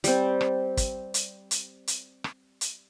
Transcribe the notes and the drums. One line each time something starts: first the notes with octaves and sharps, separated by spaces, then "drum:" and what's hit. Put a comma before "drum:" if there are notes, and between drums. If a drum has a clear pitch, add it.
G3 C4, drum: hi-hat
drum: rim click
drum: kick, hi-hat
drum: hi-hat
drum: hi-hat
drum: hi-hat
drum: rim click
drum: hi-hat